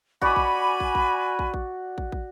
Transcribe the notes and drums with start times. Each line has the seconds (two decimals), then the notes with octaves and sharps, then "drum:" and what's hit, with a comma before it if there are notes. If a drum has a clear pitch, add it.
0.22 F#4 D5 G#5 B5, drum: kick
0.36 drum: kick
0.80 drum: kick
0.95 drum: kick
1.39 drum: kick
1.54 drum: kick
1.98 drum: kick
2.12 drum: kick